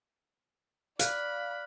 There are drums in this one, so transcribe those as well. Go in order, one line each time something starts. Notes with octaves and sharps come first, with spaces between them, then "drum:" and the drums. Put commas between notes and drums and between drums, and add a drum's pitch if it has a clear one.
D5 F5 B5 F6 F#6, drum: hi-hat